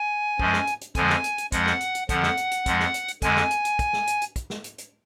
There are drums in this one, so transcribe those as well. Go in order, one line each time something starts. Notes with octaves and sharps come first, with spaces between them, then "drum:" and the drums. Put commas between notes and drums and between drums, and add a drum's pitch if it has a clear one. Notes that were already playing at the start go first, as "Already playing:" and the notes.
Already playing: G#5
F#2 F3 G#3, drum: kick
drum: snare
drum: hi-hat
drum: hi-hat
F2 D3 F3 G#3 G#5, drum: kick, hi-hat
drum: snare
drum: hi-hat
drum: hi-hat
F2 F3 G#3 F#5, drum: kick, hi-hat
drum: snare
drum: hi-hat
drum: hi-hat
F2 D3 F3 F#5, drum: kick, hi-hat
drum: snare
drum: hi-hat
drum: hi-hat
F2 F3 G#3, drum: kick, hi-hat
drum: snare
drum: hi-hat
drum: hi-hat
F2 D3 G#3 G#5, drum: kick, hi-hat
drum: snare
drum: hi-hat
drum: hi-hat
drum: kick, hi-hat
drum: snare
drum: hi-hat
drum: hi-hat
drum: kick, hi-hat
drum: snare
drum: hi-hat
drum: hi-hat